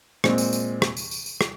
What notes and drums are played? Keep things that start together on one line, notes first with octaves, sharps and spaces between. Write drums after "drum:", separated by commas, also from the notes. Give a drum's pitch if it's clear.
A#2 G#3 C4, drum: rim click
drum: tambourine
drum: tambourine
drum: rim click
drum: tambourine
drum: tambourine
drum: tambourine
drum: rim click